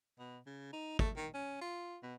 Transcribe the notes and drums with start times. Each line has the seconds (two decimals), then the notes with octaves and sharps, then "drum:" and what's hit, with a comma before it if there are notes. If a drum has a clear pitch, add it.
0.19 B2
0.46 C#3
0.73 D#4
0.99 A3, drum: kick
1.16 D#3
1.34 C#4
1.61 F4
2.03 B2